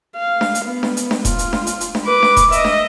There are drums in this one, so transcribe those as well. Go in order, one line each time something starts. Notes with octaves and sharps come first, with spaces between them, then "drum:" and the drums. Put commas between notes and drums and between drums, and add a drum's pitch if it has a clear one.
F5
drum: snare D4
drum: hi-hat
B3
drum: snare D4
drum: hi-hat
drum: snare D4
F4, drum: kick E1, hi-hat
drum: hi-hat
drum: snare D4
drum: hi-hat
drum: hi-hat
drum: snare D4
B4 D6
drum: snare D4
drum: kick E1, hi-hat
D#5 E5, drum: hi-hat
drum: snare D4